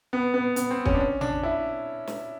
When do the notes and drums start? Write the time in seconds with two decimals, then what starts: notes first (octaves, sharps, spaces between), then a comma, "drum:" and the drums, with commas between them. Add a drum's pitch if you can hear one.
0.13 B3
0.34 B3
0.56 B3, drum: hi-hat
0.70 C4
0.86 C#4, drum: kick
0.94 D4
1.00 C#4
1.21 D4, drum: tom A1
1.43 E4
2.07 drum: snare